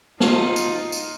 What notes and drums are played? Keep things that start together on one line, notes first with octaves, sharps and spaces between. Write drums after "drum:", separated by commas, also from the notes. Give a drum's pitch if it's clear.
D#4 F4, drum: snare
drum: tambourine
drum: tambourine